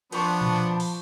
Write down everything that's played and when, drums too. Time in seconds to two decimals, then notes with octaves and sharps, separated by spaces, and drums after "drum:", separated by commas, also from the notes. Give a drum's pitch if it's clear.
0.12 F3 B3 D4 C5 A5 B5 C#6, drum: cymbal
0.41 drum: tom A#2
0.80 drum: open hi-hat